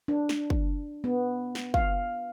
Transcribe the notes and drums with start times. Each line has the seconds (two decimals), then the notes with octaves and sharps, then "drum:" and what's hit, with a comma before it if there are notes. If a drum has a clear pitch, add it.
0.08 D4
0.29 drum: snare
0.50 drum: kick
1.04 B3
1.55 drum: snare
1.74 F5, drum: kick